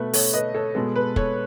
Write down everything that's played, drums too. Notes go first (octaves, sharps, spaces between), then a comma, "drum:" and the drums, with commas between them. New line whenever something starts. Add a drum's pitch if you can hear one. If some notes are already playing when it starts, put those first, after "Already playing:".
Already playing: B2 A3 A4 B4
A4 C#5, drum: open hi-hat
B4 D#5
A4 C#5
B2 G#3 B3 A4
B4
A4 C#5, drum: kick